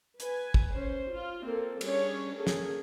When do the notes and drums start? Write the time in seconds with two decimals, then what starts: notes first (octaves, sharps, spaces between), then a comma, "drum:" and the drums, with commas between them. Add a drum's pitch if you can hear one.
0.20 B4 G#5, drum: hi-hat
0.54 drum: kick
0.73 C#4 C5
1.11 F4
1.45 A#3 C4 A4
1.81 G3 C#4 D4 G#4 C#5, drum: cymbal
2.36 A#3 C#4 G#4 A4
2.47 drum: snare